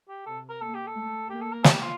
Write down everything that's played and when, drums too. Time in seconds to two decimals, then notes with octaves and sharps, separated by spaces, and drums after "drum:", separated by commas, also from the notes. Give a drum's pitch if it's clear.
0.09 G4
0.26 C3 A4
0.49 A#4
0.61 A#3 A4
0.74 G4
0.87 A4
0.95 A3
1.30 A#3 G4
1.41 A4
1.53 A#4
1.64 G4, drum: snare
1.82 F4